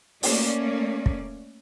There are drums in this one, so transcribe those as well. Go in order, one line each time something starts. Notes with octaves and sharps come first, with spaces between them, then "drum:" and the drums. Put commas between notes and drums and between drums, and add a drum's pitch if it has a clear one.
A3 A#3 C#4 D5, drum: open hi-hat
drum: kick